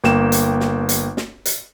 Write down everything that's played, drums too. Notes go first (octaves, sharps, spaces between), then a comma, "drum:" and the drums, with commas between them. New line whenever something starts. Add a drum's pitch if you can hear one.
G1 A#3 G5 E7, drum: snare
drum: hi-hat
drum: snare
drum: hi-hat
drum: snare
drum: hi-hat